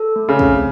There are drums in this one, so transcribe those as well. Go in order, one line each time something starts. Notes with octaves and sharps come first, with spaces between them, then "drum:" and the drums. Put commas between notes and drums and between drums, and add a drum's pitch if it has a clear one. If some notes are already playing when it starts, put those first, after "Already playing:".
Already playing: A4
A3
C#3
C4, drum: kick